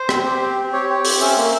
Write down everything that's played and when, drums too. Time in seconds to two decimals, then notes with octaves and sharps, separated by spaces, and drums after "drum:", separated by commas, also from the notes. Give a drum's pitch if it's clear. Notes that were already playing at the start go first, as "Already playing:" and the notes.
Already playing: C5
0.09 C4, drum: rim click
0.26 G4
0.41 C4
0.57 C4
0.73 G4 C#5
0.89 G4
1.05 C4, drum: open hi-hat
1.20 C#4 E5
1.37 A#3